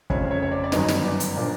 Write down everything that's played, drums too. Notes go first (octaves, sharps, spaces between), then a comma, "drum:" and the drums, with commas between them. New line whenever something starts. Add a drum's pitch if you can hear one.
F1 F2 C#3 C#5, drum: kick
C#5
C#5
D5
D5
G1 F#2 D#3 F#3 B3 D#5, drum: snare
drum: snare
D5
drum: hi-hat
A#2 F3 A#3 D4 D5